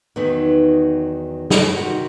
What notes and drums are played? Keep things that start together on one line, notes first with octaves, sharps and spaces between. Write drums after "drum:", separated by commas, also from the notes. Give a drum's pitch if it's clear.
E2 D#3 F#3 B3 D#4
drum: snare
C3 D#3 G3 D#4 F#4